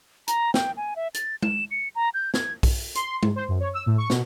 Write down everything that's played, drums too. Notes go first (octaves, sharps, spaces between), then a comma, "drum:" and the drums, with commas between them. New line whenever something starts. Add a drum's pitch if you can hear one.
A#5, drum: hi-hat
G5, drum: snare
G#5
E5
A6, drum: hi-hat
E7, drum: tom G#3
C#7
A#5
G6
G#6, drum: snare
drum: kick B1, open hi-hat
C6, drum: hi-hat
G#2, drum: tom G#3
C5
F#2
C#5
E6
A2
C#6
B2, drum: snare